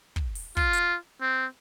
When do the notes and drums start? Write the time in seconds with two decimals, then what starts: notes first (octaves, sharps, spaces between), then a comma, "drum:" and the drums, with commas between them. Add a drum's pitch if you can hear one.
0.16 drum: kick
0.35 drum: open hi-hat
0.57 F4, drum: kick
0.73 drum: hi-hat
1.21 C4